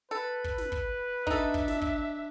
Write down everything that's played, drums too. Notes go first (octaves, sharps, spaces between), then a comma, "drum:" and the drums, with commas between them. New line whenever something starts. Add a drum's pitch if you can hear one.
A4 B4
drum: kick
drum: snare
drum: kick
D4 D#4 A4 E5, drum: kick
drum: kick
drum: snare
drum: kick